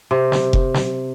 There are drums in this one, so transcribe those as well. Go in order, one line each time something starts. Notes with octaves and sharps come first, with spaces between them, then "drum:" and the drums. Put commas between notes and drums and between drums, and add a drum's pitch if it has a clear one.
C3
drum: snare
drum: kick F1
drum: snare